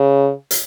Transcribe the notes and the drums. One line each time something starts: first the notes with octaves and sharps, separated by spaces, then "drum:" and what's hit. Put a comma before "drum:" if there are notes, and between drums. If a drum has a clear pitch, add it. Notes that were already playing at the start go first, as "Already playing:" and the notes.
Already playing: C#3
drum: hi-hat